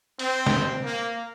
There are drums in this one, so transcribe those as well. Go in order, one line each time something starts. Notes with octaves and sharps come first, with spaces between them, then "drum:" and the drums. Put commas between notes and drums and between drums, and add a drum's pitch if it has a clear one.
C4, drum: hi-hat
drum: snare
A#3